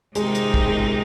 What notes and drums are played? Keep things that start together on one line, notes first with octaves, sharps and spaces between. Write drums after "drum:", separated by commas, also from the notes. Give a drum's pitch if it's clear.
C3 D#3 G#3 C4 D#4, drum: hi-hat
drum: hi-hat
drum: kick
G#3